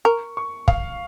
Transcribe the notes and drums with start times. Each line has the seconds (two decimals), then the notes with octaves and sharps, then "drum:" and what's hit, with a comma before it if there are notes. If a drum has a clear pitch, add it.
0.05 A#4 C#6
0.37 C#6
0.68 F5, drum: kick